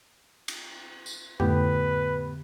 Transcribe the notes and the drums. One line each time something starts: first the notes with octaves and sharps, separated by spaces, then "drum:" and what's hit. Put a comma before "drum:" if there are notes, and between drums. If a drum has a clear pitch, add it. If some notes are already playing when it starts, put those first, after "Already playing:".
drum: cymbal
drum: tambourine
A2 D3 B3 G4 B4, drum: tom F2